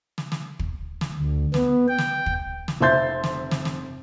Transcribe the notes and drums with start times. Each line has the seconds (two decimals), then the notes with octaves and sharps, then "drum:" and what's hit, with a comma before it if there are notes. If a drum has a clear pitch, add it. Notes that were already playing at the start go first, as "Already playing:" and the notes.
0.18 drum: snare
0.32 drum: snare
0.59 drum: kick
1.01 drum: snare
1.15 D2
1.54 B3, drum: snare
1.88 G5
1.98 drum: snare
2.26 drum: kick
2.68 drum: snare
2.81 F1 C4 E5 C6 G6 A6
3.24 drum: snare
3.51 drum: snare
3.65 drum: snare